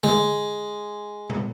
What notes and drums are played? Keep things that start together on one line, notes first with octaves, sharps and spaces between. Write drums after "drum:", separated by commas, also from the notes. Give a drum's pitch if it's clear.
G#3, drum: tom D3
drum: tom A#2